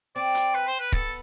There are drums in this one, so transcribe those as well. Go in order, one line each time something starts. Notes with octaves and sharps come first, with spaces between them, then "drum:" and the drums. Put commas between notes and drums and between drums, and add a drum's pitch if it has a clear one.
C4 D5
drum: hi-hat
B4
C5
B4
B3 A4, drum: kick C#1